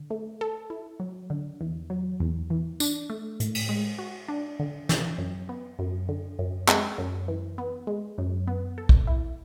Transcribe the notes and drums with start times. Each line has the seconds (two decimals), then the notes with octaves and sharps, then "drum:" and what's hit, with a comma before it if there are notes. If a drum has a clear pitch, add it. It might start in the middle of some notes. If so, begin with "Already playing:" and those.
Already playing: D3
0.10 A3
0.41 A4
0.70 E4
1.00 F#3
1.30 D3
1.61 E2
1.90 F#3
2.20 E2
2.50 E3
2.80 D4, drum: tambourine
3.10 A3
3.40 A2, drum: hi-hat
3.55 drum: cymbal
3.69 G#3
3.99 F#4
4.28 D4
4.59 D3
4.89 E3, drum: snare
5.18 F#2
5.49 B3
5.79 F#2
6.09 D3
6.39 F#2
6.68 G#3, drum: clap
6.98 F#2
7.28 E3
7.58 B3
7.87 G#3
8.18 F#2
8.47 B3
8.78 A4
8.89 drum: kick
9.07 E4